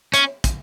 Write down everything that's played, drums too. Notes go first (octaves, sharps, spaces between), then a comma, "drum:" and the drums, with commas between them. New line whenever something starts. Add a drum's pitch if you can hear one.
C#4, drum: hi-hat
drum: kick, hi-hat